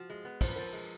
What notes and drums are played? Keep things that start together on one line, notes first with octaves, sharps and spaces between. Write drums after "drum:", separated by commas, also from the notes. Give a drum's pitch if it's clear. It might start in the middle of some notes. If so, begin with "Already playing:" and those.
Already playing: F3 F#4
G#3
B3
F3 C5, drum: kick, cymbal
B4
F3 A#4 C5
G#3